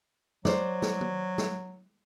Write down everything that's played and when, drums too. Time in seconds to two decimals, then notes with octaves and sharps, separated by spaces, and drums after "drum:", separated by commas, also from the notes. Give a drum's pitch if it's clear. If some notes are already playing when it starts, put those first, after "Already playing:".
0.45 F#3 C5 D5, drum: snare
0.82 drum: snare
1.01 drum: tom
1.38 drum: snare